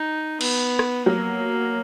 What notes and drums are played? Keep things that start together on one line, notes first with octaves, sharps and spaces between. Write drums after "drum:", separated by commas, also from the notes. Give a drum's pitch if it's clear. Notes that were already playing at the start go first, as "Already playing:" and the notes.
Already playing: D#4
B3, drum: cymbal
drum: rim click
F#3 A#3